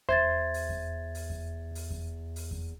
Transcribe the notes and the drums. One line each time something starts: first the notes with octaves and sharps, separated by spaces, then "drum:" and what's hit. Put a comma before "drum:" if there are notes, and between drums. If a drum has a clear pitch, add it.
E2 C5 E5 G#6 A6, drum: kick F2
drum: open hi-hat
drum: kick F2
drum: open hi-hat
drum: kick F2
drum: open hi-hat
drum: kick F2
drum: open hi-hat
drum: kick F2